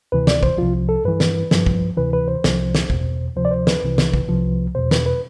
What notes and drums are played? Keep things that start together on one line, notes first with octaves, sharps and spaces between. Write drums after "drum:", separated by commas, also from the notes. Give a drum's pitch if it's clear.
D2 C3 E3 B4
D5, drum: snare
C5, drum: kick
C2 C3 F3 F4
A4
G2 E3 B4
drum: snare
G2 F3, drum: snare
drum: kick
D2 C3 E3 B4
B4
C5
C2 C3 F3, drum: snare
drum: snare
E2 B2, drum: kick
D2 C3 F3 C5
D5
C5
B4, drum: snare
C2 C3 E3
drum: snare
drum: kick
C2 C3 F3
E2 B2 C5
B4, drum: snare
B4